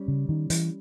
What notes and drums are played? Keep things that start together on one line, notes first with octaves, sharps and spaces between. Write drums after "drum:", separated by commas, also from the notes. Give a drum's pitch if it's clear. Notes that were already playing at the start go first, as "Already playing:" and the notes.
Already playing: G3 C#4
C#3
D#3
E3, drum: hi-hat